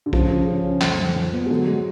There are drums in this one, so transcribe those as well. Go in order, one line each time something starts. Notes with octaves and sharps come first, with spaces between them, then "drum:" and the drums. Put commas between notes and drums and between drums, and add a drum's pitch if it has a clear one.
D3
C#3 F3, drum: kick
C#3
C#3
C#4
F2, drum: clap
F2
F3
B3
G#3
D3 F#3
G#3